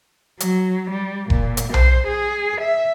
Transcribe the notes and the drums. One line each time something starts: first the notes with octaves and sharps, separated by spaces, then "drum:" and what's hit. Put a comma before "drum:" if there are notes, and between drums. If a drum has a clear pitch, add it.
F#3, drum: hi-hat
G3
A#2, drum: kick F1
drum: hi-hat
C5, drum: tom B1
G#4
E5